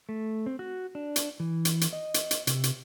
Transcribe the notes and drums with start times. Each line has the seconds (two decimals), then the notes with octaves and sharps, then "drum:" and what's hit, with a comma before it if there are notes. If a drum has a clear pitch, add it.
0.09 A3
0.46 C4
0.59 F#4
0.95 D4
1.16 drum: hi-hat
1.40 E3
1.65 drum: hi-hat
1.81 drum: hi-hat
1.93 D#5
2.14 drum: hi-hat
2.31 drum: hi-hat
2.47 C3, drum: hi-hat
2.63 drum: hi-hat